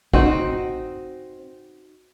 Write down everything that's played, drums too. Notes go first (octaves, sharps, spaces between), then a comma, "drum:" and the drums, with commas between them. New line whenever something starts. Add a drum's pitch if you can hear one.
C4 D#4 F#4, drum: kick